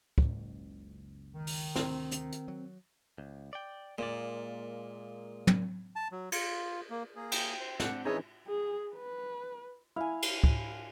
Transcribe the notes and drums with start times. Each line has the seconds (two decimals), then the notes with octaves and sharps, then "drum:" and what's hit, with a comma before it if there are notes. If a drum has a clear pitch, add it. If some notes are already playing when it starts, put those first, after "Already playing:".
0.18 F#1 C#2, drum: kick
1.35 D#3
1.47 drum: open hi-hat
1.76 D2 C3 C4, drum: snare
2.12 drum: hi-hat
2.32 drum: hi-hat
2.48 F#3
3.18 C#2
3.53 D5 G5
3.98 A#2 G#3 A#3 D5
5.47 drum: tom
5.96 A5
6.12 F#3
6.32 F4, drum: cymbal
6.90 A#3
7.15 A#3 G#4
7.32 G5, drum: cymbal
7.59 C5
7.80 C4 D4 F#5, drum: snare
8.05 E3 C#4 D#4 G#4 B4 C#5 D#5 E5
8.47 G#4
8.96 B4
9.96 E4 F5 G#5
10.22 drum: cymbal
10.44 drum: kick